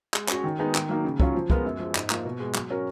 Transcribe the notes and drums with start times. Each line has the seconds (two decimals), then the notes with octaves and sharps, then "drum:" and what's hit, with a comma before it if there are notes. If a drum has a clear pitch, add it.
0.14 G#3, drum: clap
0.28 C#4 F#4 C#5, drum: clap
0.44 D#3
0.59 G#3 B3 D#4 G#4
0.75 D#3, drum: clap
0.89 F#3 A#3 D#4
1.04 C#3
1.20 F#3 C#4 F4, drum: kick C2
1.34 F3
1.50 G#3 B3 F4 A#4, drum: kick C2
1.65 F#2
1.79 F3 G#3
1.95 G#2, drum: clap
2.10 F3 A#3 F4, drum: clap
2.25 B2
2.40 G#3 B3
2.55 F#3, drum: clap
2.70 C#4 F#4 A#4 C#5